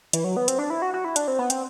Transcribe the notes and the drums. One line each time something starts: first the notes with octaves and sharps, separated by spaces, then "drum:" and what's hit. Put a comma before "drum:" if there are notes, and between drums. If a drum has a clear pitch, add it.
E3, drum: hi-hat
F#3
B3
C4, drum: hi-hat
D4
E4
F#4
F#4
E4
D4, drum: hi-hat
C4
B3
C4, drum: hi-hat